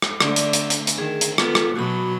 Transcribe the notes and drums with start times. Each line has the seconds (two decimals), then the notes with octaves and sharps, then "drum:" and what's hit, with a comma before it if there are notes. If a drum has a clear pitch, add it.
0.02 drum: rim click
0.20 D3 A3 D5, drum: rim click
0.36 drum: hi-hat
0.53 drum: hi-hat
0.70 drum: hi-hat
0.87 drum: hi-hat
0.98 D#3 G#4
1.21 drum: hi-hat
1.38 B3 F4 A4, drum: rim click
1.55 drum: rim click
1.76 B2 F#3 F#4 B5